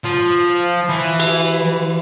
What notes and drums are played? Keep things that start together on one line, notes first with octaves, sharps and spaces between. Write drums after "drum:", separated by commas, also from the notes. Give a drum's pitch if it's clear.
F3
E3
drum: cymbal